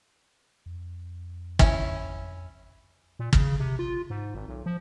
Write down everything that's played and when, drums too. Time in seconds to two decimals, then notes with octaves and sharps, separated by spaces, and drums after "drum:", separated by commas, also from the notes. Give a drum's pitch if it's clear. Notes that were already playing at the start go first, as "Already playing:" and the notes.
0.66 F2
1.59 C#4 E4, drum: kick
3.19 A#2
3.33 C#3, drum: kick
3.60 C3
3.79 F4
4.10 G#2
4.35 G#1
4.48 B1
4.66 F3